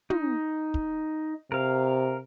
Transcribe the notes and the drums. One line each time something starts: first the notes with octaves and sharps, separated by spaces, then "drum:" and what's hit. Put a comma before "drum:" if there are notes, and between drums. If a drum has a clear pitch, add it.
D#4, drum: tom
drum: kick
C3 A#4 F5